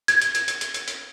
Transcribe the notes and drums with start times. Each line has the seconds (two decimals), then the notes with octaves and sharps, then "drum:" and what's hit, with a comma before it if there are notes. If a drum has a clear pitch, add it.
0.08 G#6, drum: hi-hat
0.22 drum: hi-hat
0.35 drum: hi-hat
0.48 drum: hi-hat
0.61 drum: hi-hat
0.74 drum: hi-hat
0.88 drum: hi-hat